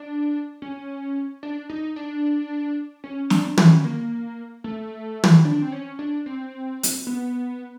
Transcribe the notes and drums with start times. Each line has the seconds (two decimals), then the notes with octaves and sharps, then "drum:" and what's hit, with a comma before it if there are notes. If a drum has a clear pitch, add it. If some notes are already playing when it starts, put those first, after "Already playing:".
Already playing: D4
0.62 C#4
1.43 D4
1.70 D#4
1.96 D4
3.04 C#4
3.30 D4, drum: snare
3.57 C#4, drum: tom
3.85 A#3
4.64 A3
5.24 drum: tom
5.45 D4
5.62 C4
5.72 C#4
5.99 D4
6.26 C4
6.83 drum: hi-hat
7.07 B3